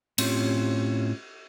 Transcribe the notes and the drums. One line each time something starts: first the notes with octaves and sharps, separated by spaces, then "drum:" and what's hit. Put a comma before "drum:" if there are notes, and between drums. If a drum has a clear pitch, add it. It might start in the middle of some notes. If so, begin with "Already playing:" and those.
A2 C4 C#4 F4 G4, drum: cymbal